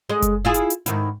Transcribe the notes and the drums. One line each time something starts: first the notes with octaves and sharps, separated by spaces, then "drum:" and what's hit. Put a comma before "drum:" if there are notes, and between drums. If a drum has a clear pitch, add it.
G#3 D#5
drum: kick F#1, hi-hat
E4 F4 G#4
drum: hi-hat
drum: hi-hat
G#2 D#3 E4, drum: hi-hat